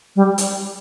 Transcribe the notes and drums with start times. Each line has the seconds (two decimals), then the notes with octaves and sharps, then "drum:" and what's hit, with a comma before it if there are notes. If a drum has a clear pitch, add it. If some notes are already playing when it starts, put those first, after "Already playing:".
0.16 G3
0.38 drum: hi-hat